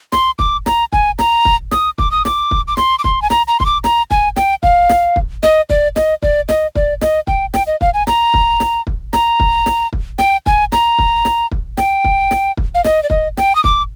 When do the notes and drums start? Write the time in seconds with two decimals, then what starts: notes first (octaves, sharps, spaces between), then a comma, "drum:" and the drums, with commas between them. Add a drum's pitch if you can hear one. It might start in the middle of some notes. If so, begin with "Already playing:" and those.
0.12 C6, drum: snare
0.39 D6, drum: kick
0.66 A#5, drum: snare
0.93 G#5, drum: kick
1.19 A#5, drum: snare
1.45 drum: kick
1.71 D#6, drum: snare
1.98 D6, drum: kick
2.11 D#6
2.25 D6, drum: snare
2.51 drum: kick
2.68 D6
2.77 C6, drum: snare
2.99 D6
3.04 C6, drum: kick
3.22 G#5
3.30 A#5, drum: snare
3.48 A#5
3.60 C6, drum: kick
3.66 D6
3.84 A#5, drum: snare
4.11 G#5, drum: kick
4.36 G5, drum: snare
4.63 F5, drum: kick
4.89 drum: snare
5.16 drum: kick
5.43 D#5, drum: snare
5.69 D5, drum: kick
5.96 D#5, drum: snare
6.22 D5, drum: kick
6.49 D#5, drum: snare
6.75 D5, drum: kick
7.01 D#5, drum: snare
7.27 G5, drum: kick
7.54 G5, drum: snare
7.67 D#5
7.81 F5, drum: kick
7.94 G#5
8.07 A#5, drum: snare
8.34 drum: kick
8.60 drum: snare
8.87 drum: kick
9.13 A#5, drum: snare
9.40 drum: kick
9.66 drum: snare
9.93 drum: kick
10.18 G5, drum: snare
10.46 G#5, drum: kick
10.72 A#5, drum: snare
10.98 drum: kick
11.25 drum: snare
11.51 drum: kick
11.77 G5, drum: snare
12.04 drum: kick
12.31 drum: snare
12.57 drum: kick
12.75 F5
12.84 D#5, drum: snare
13.03 D5
13.10 D#5, drum: kick
13.37 G5, drum: snare
13.55 D#6
13.64 D6, drum: kick